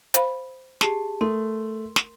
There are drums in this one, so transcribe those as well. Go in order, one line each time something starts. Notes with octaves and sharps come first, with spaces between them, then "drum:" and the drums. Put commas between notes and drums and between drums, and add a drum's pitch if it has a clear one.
C5 F5 B5, drum: hi-hat
G4 G#4 A5, drum: snare
A3 A#4 C6
drum: snare